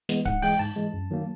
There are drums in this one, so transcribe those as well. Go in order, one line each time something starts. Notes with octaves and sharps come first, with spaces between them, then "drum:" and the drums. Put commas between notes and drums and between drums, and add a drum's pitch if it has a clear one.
E3 G#3 B3, drum: snare
G#2 F#5, drum: kick D1
E3 G#3 G5, drum: open hi-hat
G#2 A5
E3 G#3
F#2
D#3 F#3 A#3